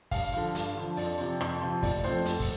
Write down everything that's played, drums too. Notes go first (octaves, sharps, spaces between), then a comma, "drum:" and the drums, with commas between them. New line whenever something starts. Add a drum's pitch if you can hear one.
G2 F5, drum: kick, open hi-hat
D3 F3
G2, drum: hi-hat
D3 F3
F2 D5, drum: open hi-hat
C3 F3
F2, drum: rim click
C3 F3
F1 D5, drum: kick, open hi-hat
F2 F3 A3 C4 C5
F1 A4, drum: hi-hat
drum: kick, open hi-hat